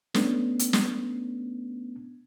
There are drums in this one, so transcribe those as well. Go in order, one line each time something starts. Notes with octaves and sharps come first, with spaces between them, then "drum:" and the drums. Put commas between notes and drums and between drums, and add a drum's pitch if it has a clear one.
A3 B3 C#4 D4, drum: snare
drum: hi-hat
drum: snare